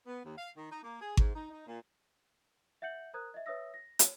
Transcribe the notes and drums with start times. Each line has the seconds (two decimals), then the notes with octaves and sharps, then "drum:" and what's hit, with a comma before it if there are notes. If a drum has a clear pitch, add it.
0.06 B3
0.24 D#2
0.37 F5
0.56 D#3
0.71 D#4
0.82 A#3
1.01 G#4
1.17 G#2, drum: kick G#1
1.34 D#4
1.51 D#4
1.66 A#2
2.82 E5 F#5 G6 C#7 F#7
3.14 A#4 C5 A#5 D#6 F#6 G#6
3.34 D#5 E5
3.46 B4 C#5 E5 D#6 E6 A#6
3.74 A#6
3.99 C#5, drum: hi-hat